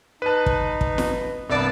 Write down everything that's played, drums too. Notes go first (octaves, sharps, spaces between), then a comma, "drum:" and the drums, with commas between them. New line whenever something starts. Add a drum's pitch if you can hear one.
D#4 B4 A5 F#6 D#7
drum: kick
drum: kick
drum: snare
C2 G2 B3 D5 A5 E6